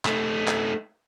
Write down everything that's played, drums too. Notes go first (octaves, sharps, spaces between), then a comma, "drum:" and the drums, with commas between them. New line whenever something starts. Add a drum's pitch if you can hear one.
A3 D#4, drum: clap
drum: clap